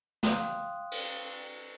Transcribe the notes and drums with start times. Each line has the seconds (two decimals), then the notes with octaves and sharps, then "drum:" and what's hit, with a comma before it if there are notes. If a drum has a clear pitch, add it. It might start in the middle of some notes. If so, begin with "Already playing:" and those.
0.23 F5 G5 C6 D#6 F#6, drum: snare
0.92 drum: cymbal